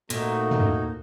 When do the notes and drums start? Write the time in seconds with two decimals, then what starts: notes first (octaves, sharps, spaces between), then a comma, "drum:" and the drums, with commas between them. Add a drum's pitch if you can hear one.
0.10 A#2 A3 A#3 C4 D#4 F#4, drum: hi-hat
0.51 drum: tom